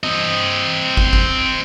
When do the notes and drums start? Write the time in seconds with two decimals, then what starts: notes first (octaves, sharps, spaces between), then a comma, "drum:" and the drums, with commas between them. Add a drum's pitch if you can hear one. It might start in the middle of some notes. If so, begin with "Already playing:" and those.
0.03 C4 D#5
0.97 drum: kick
1.13 drum: kick